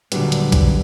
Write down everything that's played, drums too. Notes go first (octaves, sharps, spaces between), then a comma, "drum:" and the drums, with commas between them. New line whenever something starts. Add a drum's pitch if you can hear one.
A#2 D3 E3 F#3 G3 B3, drum: hi-hat
drum: hi-hat
drum: kick, hi-hat